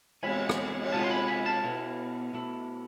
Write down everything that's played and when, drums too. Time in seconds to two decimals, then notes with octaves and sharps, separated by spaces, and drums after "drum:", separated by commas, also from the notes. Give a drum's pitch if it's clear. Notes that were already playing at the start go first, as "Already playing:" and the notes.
0.23 E2 C3 G#3 C4 G#5 B5, drum: cymbal
0.49 drum: rim click
0.81 drum: cymbal
0.92 C3 G#3 B3 F4 F5 A5
1.04 C6
1.10 G#5 B5
1.28 G#5 B5
1.46 F5 A5
1.63 B2 B3 E4
2.33 B2 A3 E4